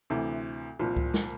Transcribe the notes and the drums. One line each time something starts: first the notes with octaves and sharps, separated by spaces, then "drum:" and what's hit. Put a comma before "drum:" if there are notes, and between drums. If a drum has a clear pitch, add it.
D2 C3 E3
C2 A#2 F3
drum: kick C#2
drum: snare